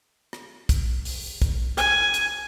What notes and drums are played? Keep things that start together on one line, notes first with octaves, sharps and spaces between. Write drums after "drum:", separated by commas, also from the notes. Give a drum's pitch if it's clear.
drum: rim click
drum: kick, hi-hat
drum: open hi-hat
drum: kick, hi-hat
G#5, drum: hi-hat
drum: hi-hat